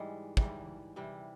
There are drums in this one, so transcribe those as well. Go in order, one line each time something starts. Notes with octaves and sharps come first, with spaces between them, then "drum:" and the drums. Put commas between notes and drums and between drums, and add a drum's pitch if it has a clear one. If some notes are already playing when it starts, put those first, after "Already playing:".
Already playing: G#2 E3 G3 G#3
G#2 E3 G3, drum: kick
C3 E3 G3